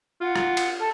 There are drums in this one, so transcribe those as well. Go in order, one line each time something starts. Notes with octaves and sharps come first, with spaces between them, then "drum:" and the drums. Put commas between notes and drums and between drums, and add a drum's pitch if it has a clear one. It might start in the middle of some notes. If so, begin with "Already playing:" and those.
F4 F#5
drum: rim click
drum: cymbal
A4